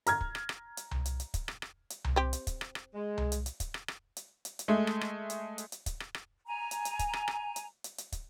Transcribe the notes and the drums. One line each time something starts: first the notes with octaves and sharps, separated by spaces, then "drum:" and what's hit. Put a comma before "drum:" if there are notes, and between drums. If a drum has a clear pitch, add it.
A#5 F6 G#6, drum: hi-hat
drum: kick
drum: rim click
drum: rim click
drum: hi-hat
drum: tom C2
drum: hi-hat
drum: hi-hat
drum: kick, hi-hat
drum: rim click
drum: rim click
drum: hi-hat
drum: tom C2
C4 G4
drum: hi-hat
drum: kick, hi-hat
drum: rim click
drum: rim click
G#3
drum: tom C2
drum: hi-hat
drum: hi-hat
drum: kick, hi-hat
drum: rim click
drum: rim click
drum: hi-hat
drum: hi-hat
drum: hi-hat
G#3 A3
drum: rim click
drum: rim click
drum: hi-hat
drum: hi-hat
drum: hi-hat
drum: kick, hi-hat
drum: rim click
drum: rim click
G#5 A#5
drum: hi-hat
drum: hi-hat
drum: kick, hi-hat
drum: rim click
drum: rim click
drum: hi-hat
drum: hi-hat
drum: hi-hat
drum: kick, hi-hat